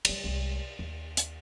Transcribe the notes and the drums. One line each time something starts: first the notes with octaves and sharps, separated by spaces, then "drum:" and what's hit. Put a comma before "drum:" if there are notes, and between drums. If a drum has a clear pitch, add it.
C#3 G3, drum: cymbal
C2 G#3
D#2
drum: hi-hat